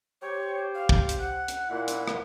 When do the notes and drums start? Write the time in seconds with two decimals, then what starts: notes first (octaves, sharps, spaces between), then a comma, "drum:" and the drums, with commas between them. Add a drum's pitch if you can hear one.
0.22 G4 C5 C#5
0.75 F5
0.89 drum: kick
1.09 drum: hi-hat
1.19 F#5
1.48 drum: hi-hat
1.68 A#2 E4
1.88 drum: hi-hat
2.08 drum: rim click